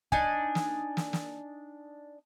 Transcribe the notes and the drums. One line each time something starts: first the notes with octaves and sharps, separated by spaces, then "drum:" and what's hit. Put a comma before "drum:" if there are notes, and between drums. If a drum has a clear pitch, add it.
D4 D#4 G#5, drum: kick
drum: snare
drum: snare
drum: snare